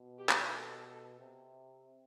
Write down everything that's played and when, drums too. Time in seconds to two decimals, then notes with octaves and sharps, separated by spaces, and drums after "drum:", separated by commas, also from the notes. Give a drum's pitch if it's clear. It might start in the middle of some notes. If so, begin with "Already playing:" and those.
Already playing: B2
0.18 G4
0.29 drum: clap
0.51 A4
1.20 C3